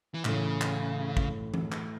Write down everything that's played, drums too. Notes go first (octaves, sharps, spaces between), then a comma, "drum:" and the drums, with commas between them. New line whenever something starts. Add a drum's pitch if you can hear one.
E3
A2 C#3 E3 A3, drum: clap
drum: clap
drum: kick G#1
drum: tom E3
drum: clap